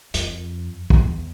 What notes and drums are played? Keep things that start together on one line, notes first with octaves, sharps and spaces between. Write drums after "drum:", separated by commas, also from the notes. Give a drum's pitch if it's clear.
F2, drum: hi-hat
E2, drum: kick